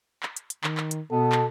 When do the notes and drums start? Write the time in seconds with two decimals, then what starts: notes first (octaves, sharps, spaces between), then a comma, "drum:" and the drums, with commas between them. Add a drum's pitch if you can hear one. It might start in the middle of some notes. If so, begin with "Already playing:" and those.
0.23 drum: clap
0.37 drum: hi-hat
0.50 drum: hi-hat
0.64 D#3, drum: clap
0.77 drum: clap
0.91 drum: hi-hat
1.11 B2 B3 A4
1.32 drum: clap